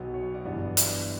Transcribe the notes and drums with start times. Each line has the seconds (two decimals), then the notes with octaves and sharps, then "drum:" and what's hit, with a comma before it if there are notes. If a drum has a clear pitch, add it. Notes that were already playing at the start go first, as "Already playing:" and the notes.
Already playing: B1 B2 F#3 B3 B4
0.14 C#5
0.34 D5 F#5
0.45 G1 G2 E3 B3 D4
0.77 drum: hi-hat